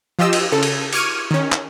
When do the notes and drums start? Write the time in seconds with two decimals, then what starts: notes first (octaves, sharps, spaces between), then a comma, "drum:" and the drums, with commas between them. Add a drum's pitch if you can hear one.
0.19 F3 F4 G4 D#5 E6
0.33 drum: cymbal
0.52 C#3 A4
0.63 drum: cymbal
0.93 C#6 D6 F6 G#6 C#7 D#7, drum: cymbal
1.31 D#3 C#4
1.52 drum: clap